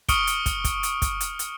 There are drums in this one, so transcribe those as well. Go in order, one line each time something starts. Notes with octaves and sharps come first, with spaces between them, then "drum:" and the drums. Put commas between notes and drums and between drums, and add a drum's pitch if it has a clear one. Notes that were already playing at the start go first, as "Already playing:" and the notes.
C#6 D#6 F6 C#7 D7 G7, drum: kick, hi-hat
drum: hi-hat
drum: kick, hi-hat
drum: kick, hi-hat
drum: hi-hat
drum: kick, hi-hat
drum: hi-hat
drum: hi-hat